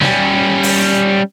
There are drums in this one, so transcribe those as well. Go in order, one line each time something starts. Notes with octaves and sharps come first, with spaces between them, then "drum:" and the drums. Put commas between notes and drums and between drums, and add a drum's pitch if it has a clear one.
G3 C#4, drum: snare
drum: open hi-hat